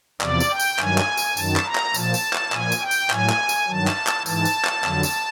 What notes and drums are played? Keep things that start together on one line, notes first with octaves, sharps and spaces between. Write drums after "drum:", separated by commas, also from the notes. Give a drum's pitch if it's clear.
E2 C3 F3 D5, drum: clap
drum: tambourine
G5
drum: tambourine
G2 D#3 F#3 G#5, drum: clap
drum: clap
drum: tambourine
F#2 D#3 F#3 A5, drum: tambourine
drum: clap
A#5
drum: clap
A#2 F3 A5, drum: tambourine
drum: tambourine
drum: clap
A#2 F3 G#5, drum: clap
drum: tambourine
G5
drum: tambourine
A2 F#3 G#5, drum: clap
drum: clap
drum: tambourine
G2 D#3 F#3 A5
drum: clap
drum: clap
G#2 E3 A5, drum: tambourine
drum: tambourine
drum: clap
F2 D3 F#3, drum: clap
drum: tambourine